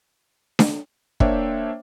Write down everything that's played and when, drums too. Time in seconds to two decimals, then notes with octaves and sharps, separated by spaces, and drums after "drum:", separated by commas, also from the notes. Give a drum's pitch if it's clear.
0.59 drum: snare D4
1.20 A#3 D4 C5 C#5 E5 G5, drum: kick